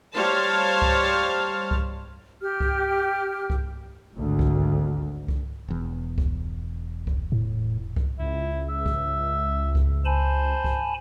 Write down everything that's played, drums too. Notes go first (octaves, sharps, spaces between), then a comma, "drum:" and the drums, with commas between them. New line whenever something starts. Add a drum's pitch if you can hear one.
G3 C5 C#5 F5 A5
drum: kick C2
drum: kick C2
G4 F6
drum: kick C2
drum: kick C2
G#1 D2
drum: kick C2
drum: kick C2
E1 E2
drum: kick C2
drum: kick C2
A2
drum: kick C2
C#2 E4
E5
drum: kick C2
drum: kick C2
C5 G#5 A5 B5
drum: kick C2